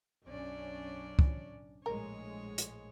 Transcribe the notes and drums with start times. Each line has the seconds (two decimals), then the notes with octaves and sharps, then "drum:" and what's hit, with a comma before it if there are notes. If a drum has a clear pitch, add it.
0.25 B1 F#2 C#4 D4 D5
1.19 drum: kick
1.86 A#1 A2 G#3 A#4 C#5
2.58 drum: hi-hat